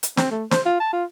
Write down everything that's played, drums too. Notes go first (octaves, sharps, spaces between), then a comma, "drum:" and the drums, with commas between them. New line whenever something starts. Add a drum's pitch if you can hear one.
drum: hi-hat
C4, drum: snare
A3
C5, drum: snare
F4
A5
F4